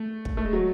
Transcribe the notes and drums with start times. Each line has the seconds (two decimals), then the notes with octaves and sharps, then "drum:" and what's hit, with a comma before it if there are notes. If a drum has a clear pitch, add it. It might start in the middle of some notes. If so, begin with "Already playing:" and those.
Already playing: A3
0.25 drum: kick
0.37 A3
0.45 G#3
0.53 F#3